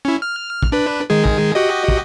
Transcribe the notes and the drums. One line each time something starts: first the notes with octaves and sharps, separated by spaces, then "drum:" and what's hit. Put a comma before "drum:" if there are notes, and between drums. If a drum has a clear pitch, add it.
C#4 E4
F6
drum: kick
D4 B4
D#3 G#3 G#4
drum: kick
F#4 G4 D#5
drum: kick